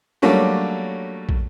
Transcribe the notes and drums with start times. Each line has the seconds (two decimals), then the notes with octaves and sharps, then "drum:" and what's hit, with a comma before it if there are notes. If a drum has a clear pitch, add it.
0.22 F#3 G3 A3 A#3 C#4 D4
1.29 drum: kick